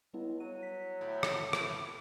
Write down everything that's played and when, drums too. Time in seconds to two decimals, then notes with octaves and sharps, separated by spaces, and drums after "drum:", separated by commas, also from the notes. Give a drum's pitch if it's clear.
0.13 C#2 G3 B3 E4
0.40 F#3 D#7
0.63 B6
1.01 A2
1.23 drum: rim click
1.53 drum: rim click